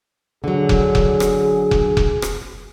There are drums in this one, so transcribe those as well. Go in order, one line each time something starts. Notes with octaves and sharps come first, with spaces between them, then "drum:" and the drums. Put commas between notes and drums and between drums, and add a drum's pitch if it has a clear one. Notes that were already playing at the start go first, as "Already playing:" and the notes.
D3 F#3 G#4
drum: kick F1
drum: kick F1
drum: rim click
drum: kick F1
drum: kick F1
drum: rim click